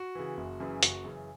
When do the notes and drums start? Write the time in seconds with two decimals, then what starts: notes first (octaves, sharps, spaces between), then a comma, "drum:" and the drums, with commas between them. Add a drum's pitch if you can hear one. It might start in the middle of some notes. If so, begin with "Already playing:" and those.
Already playing: F#4
0.15 C#3 E3
0.37 F#1
0.60 F#2 C#3 E3
0.83 F#1 F#4, drum: hi-hat
1.04 F#2 C#3 E3